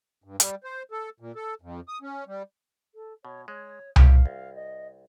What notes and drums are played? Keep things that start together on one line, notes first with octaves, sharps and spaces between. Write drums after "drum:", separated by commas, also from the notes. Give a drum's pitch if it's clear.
G2
G3, drum: hi-hat
C5
A4
A#2
A4
F2
D#6
C#4
G3
A4
B2 C#5
G#3 C#5
G3 C#4 G4 F5, drum: tom C2
C2
D#5